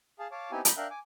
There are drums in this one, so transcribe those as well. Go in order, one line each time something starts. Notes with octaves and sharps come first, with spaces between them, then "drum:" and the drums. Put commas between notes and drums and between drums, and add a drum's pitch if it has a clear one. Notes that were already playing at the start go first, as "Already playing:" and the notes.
G#4 F5 A5
C#5 F5 A5 D6
B3 C4 D#4 E4 G4 G#5
A#5 B5 D#6 G6, drum: hi-hat
D4 A#4 E5 F5 G5 F#6
G#5 D6